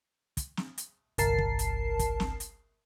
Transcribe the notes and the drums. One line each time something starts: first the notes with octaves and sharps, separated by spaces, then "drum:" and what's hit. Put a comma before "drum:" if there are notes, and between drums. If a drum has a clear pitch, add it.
drum: kick, hi-hat
drum: snare
drum: hi-hat
G1 C2 A#4 A5 C7, drum: hi-hat
drum: kick
drum: hi-hat
drum: kick, hi-hat
drum: snare
drum: hi-hat